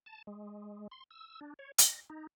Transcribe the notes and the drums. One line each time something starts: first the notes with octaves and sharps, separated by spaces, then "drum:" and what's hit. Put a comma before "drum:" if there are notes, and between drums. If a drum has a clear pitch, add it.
A5
G#3
C6
E6
D4
C#5
A#6, drum: hi-hat
D#4